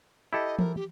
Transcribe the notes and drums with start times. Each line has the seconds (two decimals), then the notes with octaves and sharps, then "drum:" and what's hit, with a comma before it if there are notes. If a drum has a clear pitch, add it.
0.33 E4 G4 A4 D#5
0.59 A#4, drum: tom E3
0.76 G4